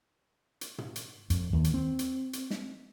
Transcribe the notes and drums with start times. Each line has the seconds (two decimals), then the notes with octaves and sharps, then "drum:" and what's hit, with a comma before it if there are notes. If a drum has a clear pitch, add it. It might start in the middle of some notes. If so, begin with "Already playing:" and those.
0.61 drum: hi-hat
0.78 drum: tom
0.96 drum: hi-hat
1.30 F2, drum: hi-hat
1.53 D#2
1.64 drum: hi-hat
1.74 C4
1.99 drum: hi-hat
2.33 drum: hi-hat
2.50 drum: snare